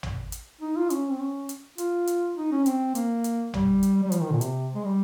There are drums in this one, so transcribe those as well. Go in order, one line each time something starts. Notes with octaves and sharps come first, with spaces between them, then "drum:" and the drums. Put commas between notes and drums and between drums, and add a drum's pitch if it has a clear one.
drum: tom A1
drum: hi-hat
D#4
F4
C#4, drum: hi-hat
C4
C#4
drum: hi-hat
F4, drum: hi-hat
drum: hi-hat
D#4
C#4
C4, drum: hi-hat
A#3, drum: hi-hat
drum: hi-hat
G3, drum: tom A1
drum: hi-hat
G3
F3, drum: hi-hat
D#3
A#2
C3, drum: hi-hat
G#3
G3